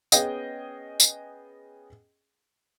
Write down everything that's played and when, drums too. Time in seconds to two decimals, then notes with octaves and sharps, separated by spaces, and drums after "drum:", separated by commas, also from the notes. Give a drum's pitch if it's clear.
0.12 B3 C#4 G#4 D#5 G5 G#5, drum: tambourine
1.00 drum: tambourine